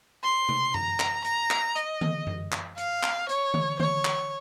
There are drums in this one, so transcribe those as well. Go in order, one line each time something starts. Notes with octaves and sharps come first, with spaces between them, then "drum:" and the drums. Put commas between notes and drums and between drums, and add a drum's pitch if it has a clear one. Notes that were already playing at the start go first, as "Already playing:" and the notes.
C6
drum: tom C3
A#5, drum: tom F#2
drum: clap
A#5, drum: hi-hat
drum: clap
D#5, drum: hi-hat
drum: tom D3
drum: tom F#2
drum: clap
F5, drum: hi-hat
drum: clap
C#5, drum: hi-hat
drum: tom D3
C#5, drum: tom D3
drum: clap